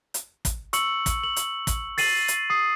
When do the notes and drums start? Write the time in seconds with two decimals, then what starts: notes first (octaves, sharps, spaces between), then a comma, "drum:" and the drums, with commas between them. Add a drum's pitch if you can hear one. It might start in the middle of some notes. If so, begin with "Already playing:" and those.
0.14 drum: hi-hat
0.45 drum: kick, hi-hat
0.73 C#6 E6 C#7 F#7, drum: hi-hat
1.06 drum: kick, hi-hat
1.24 F#7
1.36 drum: hi-hat
1.67 drum: kick, hi-hat
1.98 A6 C7 D#7 F#7, drum: open hi-hat
2.28 drum: hi-hat
2.50 D#6 C7